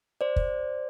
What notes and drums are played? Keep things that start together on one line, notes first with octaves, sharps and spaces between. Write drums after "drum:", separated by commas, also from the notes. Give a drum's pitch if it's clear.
C5 D5
drum: kick